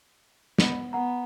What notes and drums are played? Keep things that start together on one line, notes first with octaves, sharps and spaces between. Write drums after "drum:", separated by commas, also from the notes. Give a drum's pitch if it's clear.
B3, drum: snare
B3 F#5 A#5